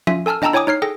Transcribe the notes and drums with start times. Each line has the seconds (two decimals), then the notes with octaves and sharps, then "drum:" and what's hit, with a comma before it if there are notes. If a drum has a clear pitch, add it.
0.07 C#4 F4 E5 G#5, drum: tom F3
0.26 A4 G#5 A5 E6 F6
0.42 D4 D#5 G5 A5 A#5 E6, drum: tom
0.53 E4 C#5 G5 G#5 D6 D#6
0.67 D#4 C#5 F6 C7
0.82 G#4 A4 G5 A#6